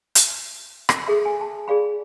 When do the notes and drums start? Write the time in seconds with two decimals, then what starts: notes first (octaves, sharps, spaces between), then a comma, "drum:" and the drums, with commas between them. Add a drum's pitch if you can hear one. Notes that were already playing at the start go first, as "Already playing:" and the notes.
0.15 drum: hi-hat
0.89 drum: rim click
1.08 G#4 A4 E5
1.25 G#5
1.41 A5
1.68 G#4 D5 F5 B5